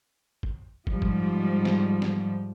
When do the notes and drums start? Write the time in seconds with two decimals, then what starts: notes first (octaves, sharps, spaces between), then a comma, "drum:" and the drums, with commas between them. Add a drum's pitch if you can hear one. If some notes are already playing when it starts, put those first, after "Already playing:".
0.43 drum: kick
0.87 G#2 F3 G3, drum: kick
1.02 drum: kick
1.65 drum: snare
2.02 drum: snare